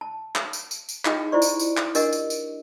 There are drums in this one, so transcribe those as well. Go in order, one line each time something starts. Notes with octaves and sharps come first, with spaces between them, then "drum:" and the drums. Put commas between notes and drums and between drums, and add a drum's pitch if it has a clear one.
A5
drum: clap
drum: tambourine
drum: tambourine
drum: tambourine
D#4 F4 G4 G#4 D#5 G5, drum: clap
E4 F4 C5 D5 C#6
drum: tambourine
drum: tambourine
drum: clap
D4 G4 A#4 D#5 F#5, drum: tambourine
drum: tambourine
drum: tambourine